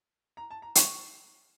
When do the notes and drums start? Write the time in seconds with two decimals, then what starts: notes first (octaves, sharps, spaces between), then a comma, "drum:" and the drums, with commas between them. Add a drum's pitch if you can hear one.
0.37 A#5
0.50 A5
0.62 A#5
0.75 C#6, drum: hi-hat